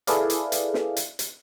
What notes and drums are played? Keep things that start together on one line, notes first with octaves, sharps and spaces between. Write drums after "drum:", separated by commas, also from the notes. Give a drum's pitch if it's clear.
E4 G#4 A4 B4 D5 F5, drum: hi-hat
drum: hi-hat
drum: hi-hat
drum: snare
drum: hi-hat
drum: hi-hat